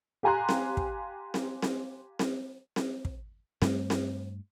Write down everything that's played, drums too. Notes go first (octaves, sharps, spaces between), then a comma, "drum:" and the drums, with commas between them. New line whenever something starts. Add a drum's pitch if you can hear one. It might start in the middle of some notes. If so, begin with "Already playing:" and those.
G4 F5 G#5 A#5 C6 F#6
drum: snare C4
drum: kick
drum: snare C4
drum: snare C4
drum: snare C4
drum: snare C4
drum: kick
G2 G3 A3, drum: snare C4
drum: snare C4